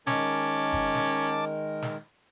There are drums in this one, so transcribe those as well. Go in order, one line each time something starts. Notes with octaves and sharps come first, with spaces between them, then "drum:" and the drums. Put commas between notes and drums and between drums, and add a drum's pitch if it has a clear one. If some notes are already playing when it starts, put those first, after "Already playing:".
D#3 G#3 C#4 A#4 A5 D6, drum: snare
drum: kick F#1
drum: snare
drum: snare